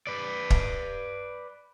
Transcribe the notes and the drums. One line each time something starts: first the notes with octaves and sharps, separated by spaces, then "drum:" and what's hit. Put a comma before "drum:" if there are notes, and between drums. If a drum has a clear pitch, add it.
B4 D5
drum: kick